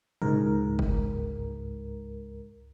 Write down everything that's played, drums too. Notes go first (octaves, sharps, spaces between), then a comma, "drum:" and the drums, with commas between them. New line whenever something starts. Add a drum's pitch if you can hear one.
C#2 G#2 A#4, drum: tom A2
drum: kick F#1